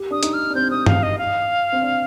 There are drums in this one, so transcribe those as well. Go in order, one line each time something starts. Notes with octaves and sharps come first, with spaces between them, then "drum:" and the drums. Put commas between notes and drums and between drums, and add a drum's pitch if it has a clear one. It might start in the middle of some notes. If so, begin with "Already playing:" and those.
Already playing: G4
D4 D#6
D#4, drum: hi-hat
F6
D4
C4 G6
C4 D#6
F5, drum: tom G2
D#5
F5
C4
D4